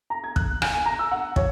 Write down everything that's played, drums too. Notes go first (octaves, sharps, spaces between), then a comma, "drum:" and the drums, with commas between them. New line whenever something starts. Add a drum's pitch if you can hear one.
A#5
G#6
F#6, drum: kick
G#5, drum: rim click
G#5
A#5
E6
F#5
C#5, drum: kick